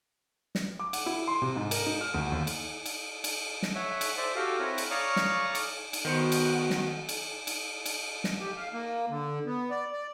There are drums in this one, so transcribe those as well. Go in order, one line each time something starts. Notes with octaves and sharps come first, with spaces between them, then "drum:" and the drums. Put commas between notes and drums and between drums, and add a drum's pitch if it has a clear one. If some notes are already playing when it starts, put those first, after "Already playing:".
drum: snare
D6
F#5, drum: cymbal
E4
C6
C3
G#2
A#4, drum: cymbal
D#4
F6
D2
D#2
drum: cymbal
drum: cymbal
drum: cymbal
drum: snare
C#5 E5 F#5
drum: cymbal
C5 D5 E5
F#4 G4 A4 F5 G5
C4 E4 A#4 C#5 F#5
drum: cymbal
C#5 D5 F5 A#5 C#6 D#6
drum: snare
drum: cymbal
drum: cymbal
D#3 B3 F#4 C5 C#7
drum: cymbal
drum: snare
drum: cymbal
drum: cymbal
drum: cymbal
drum: snare
G4
F5
A#3
D3
B3
D5
D5